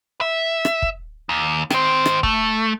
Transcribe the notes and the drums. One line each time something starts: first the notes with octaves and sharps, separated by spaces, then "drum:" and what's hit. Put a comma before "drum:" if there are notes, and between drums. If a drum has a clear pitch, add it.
E5
drum: rim click
drum: kick
D#2
D#3 C5, drum: rim click
drum: rim click
A3, drum: kick